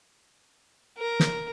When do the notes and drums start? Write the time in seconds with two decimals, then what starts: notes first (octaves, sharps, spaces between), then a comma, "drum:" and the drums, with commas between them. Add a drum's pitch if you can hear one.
0.98 A#4
1.20 drum: snare